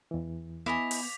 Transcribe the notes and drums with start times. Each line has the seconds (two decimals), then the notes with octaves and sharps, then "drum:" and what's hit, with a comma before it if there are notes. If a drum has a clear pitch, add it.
0.11 E2 E3
0.66 B3 E4 D#5 G#5 D6 B6 F7
0.91 drum: open hi-hat